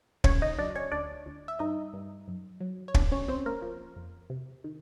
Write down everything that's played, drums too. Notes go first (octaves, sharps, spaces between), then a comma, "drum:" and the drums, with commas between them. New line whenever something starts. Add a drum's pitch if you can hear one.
C#3 C#4 C#5, drum: kick
D#4 D#5
F#3 D4 D5
C#4 C#5
D2 D4 D5
D2
E5
G2 D#4 D#5
G2
F#2
F#3
C#5
B2 D4 D5, drum: kick
C#4 C#5
C#2 C4 C5
A#3 A#4
F3
F2
C3
D#3